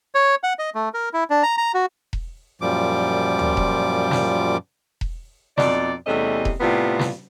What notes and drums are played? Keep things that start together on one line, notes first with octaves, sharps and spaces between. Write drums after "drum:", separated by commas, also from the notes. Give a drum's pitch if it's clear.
C#5
F#5
D#5
A3
A#4
E4
D4
A#5
A#5
F#4
drum: kick E1
F#2 A#2 F3 G3 D6
drum: tom D2
drum: kick E1
drum: snare
drum: kick E1
F2 B2 D#4 D5, drum: snare
E2 C3 G3 A3 C#4 D#5
drum: kick E1
A2 C3 G3 B3 F4
drum: snare